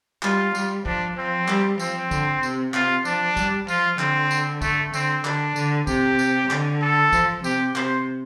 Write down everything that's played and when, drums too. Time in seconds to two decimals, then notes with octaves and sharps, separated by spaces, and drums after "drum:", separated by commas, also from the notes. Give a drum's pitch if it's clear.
0.23 G3 F4, drum: clap
0.55 G3, drum: tambourine
0.86 F3 D4, drum: kick
1.17 F3 C4
1.48 G3, drum: clap
1.80 F3 C4, drum: tambourine
2.11 D3, drum: kick, tambourine
2.43 C3, drum: tambourine
2.74 C3 F4, drum: clap
3.05 F3 D4, drum: tambourine
3.37 G3, drum: kick, tambourine
3.68 F3 F4, drum: tambourine
3.99 D3 C4, drum: clap
4.31 drum: tambourine
4.62 A3, drum: kick, tambourine
4.94 D3 C4, drum: tambourine
5.25 D3 D4, drum: clap
5.56 D3, drum: tambourine
5.87 C3 G4, drum: kick, tambourine
6.19 drum: tambourine
6.51 D3, drum: clap
6.82 A4
7.13 F3, drum: kick, tambourine
7.44 C3 G4, drum: tambourine
7.76 C3 C5, drum: clap